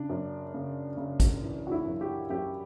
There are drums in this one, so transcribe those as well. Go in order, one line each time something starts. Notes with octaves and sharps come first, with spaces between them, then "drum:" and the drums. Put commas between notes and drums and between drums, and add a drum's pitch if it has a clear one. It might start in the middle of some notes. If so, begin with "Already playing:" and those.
Already playing: C#3 D4
F#2
C#3
C#3
drum: kick, hi-hat
E3
F#4
E4
F#2
G4
F#2 G4